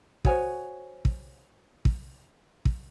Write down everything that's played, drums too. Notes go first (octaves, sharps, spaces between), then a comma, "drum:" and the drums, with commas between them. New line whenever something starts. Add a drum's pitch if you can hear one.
F#4 A4 C5 C#5 G#5, drum: kick
drum: kick
drum: kick
drum: kick